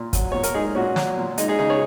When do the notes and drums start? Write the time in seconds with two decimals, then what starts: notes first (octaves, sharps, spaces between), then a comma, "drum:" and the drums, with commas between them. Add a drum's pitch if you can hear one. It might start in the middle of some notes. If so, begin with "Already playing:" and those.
Already playing: A#2
0.13 F#3, drum: kick, hi-hat
0.32 A#2 C#5
0.43 A#4, drum: hi-hat
0.54 G#3 D#4 G#4
0.75 A#2 C#4 F#4
0.96 F#3, drum: snare
1.18 A#2
1.38 G#3 D#4, drum: hi-hat
1.48 D#4 G#4
1.59 C#3 D#4 G#4
1.70 G#4 C#5